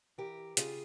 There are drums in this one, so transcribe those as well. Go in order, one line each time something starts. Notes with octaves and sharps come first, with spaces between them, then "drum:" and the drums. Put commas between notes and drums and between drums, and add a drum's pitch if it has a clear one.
E3 G4 A#4
C#3 F4 G#4, drum: hi-hat